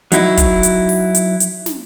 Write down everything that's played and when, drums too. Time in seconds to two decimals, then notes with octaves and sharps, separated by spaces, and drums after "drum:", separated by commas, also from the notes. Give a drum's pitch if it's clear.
0.12 F#3 D#4 E4, drum: hi-hat
0.37 drum: kick, hi-hat
0.63 drum: hi-hat
0.89 drum: open hi-hat
1.15 drum: hi-hat
1.40 drum: hi-hat
1.66 drum: snare